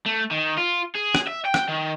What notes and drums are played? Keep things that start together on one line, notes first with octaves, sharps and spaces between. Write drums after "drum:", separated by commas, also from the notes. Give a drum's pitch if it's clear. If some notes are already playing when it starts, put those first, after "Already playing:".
A3
D#3
F4
G#4
drum: rim click
E5
G5
drum: rim click
D#3